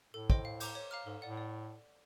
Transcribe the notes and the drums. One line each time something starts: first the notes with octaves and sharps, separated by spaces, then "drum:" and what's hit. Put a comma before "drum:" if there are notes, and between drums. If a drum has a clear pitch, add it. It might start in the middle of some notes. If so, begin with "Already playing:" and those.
A2 A4
C5 D#5 G5 C6, drum: kick
F5
A#5 D6 G6, drum: cymbal
C#5
F5 A#5 D6 F6
G#2 A4
A2 D5 F#5
D5